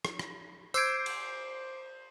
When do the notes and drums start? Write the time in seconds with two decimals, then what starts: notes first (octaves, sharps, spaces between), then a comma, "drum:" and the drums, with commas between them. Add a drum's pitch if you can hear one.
0.05 drum: rim click
0.19 drum: rim click
0.74 C5 D6 E6 G6 G#6 C7 D7, drum: tambourine
1.06 drum: cymbal